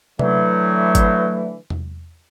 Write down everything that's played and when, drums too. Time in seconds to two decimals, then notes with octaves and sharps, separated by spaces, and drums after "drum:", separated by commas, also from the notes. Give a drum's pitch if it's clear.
0.19 D3 E3 F#3 A3, drum: tom C3
0.95 drum: kick G#1, hi-hat
1.70 drum: tom E2